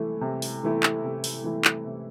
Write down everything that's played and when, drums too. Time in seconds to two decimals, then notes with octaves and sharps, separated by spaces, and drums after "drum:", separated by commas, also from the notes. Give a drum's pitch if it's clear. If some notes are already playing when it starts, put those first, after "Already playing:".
Already playing: C3 E3 A3 E4
0.21 C3
0.42 drum: open hi-hat
0.63 E3 A3 E4
0.83 drum: clap
1.04 C3
1.24 drum: open hi-hat
1.44 E3 A3 E4
1.65 drum: clap
1.85 C3